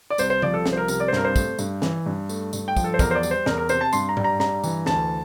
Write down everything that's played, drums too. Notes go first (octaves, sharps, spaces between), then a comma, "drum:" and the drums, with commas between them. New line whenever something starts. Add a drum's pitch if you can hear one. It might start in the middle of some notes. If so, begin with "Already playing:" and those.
D5
C2 C5, drum: tambourine
C5
F3 D5, drum: tom C#3
A4
C2, drum: snare
C5
A#4
C3 A#4, drum: tambourine
D5
C5
G2 A#4, drum: snare
C5
A3, drum: kick, tambourine
G2, drum: tambourine
E3, drum: snare
G2
A3, drum: tambourine
G2, drum: tambourine
G5
F3, drum: kick, tambourine
A4
C5
E2 A#4, drum: kick, tambourine
C5
D5
G3, drum: tambourine
C5
E2 A#4, drum: snare
A#4
C3 C5, drum: tambourine
A5
G2 C6, drum: tambourine
A#5
G3, drum: tom G#2
A#5
G2 A#5, drum: snare
E3, drum: tambourine
D2 A5, drum: snare